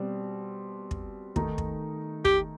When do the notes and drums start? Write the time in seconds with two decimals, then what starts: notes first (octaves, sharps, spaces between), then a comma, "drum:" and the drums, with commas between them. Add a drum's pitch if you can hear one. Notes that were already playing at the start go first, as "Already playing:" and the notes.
Already playing: B2 G3 C4
0.91 drum: kick
1.36 D#3 A3 D#4, drum: kick
1.58 drum: kick
2.25 G4, drum: kick